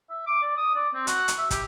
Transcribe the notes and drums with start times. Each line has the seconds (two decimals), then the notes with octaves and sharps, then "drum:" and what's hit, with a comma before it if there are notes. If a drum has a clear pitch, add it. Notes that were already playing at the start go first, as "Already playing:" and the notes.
0.10 E5
0.26 D6
0.42 D5
0.57 D#6
0.74 D5
0.94 C4
1.07 F#4, drum: hi-hat
1.28 drum: hi-hat
1.38 E5
1.51 G4, drum: kick, hi-hat